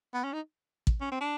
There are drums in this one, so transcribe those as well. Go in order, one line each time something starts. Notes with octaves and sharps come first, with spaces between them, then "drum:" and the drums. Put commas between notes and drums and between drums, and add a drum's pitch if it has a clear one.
B3
C#4
D#4
drum: kick
C#4
C4
D4